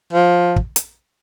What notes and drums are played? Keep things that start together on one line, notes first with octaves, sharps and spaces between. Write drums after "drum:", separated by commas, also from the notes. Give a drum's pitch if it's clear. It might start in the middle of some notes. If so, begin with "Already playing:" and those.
F3
drum: kick
drum: hi-hat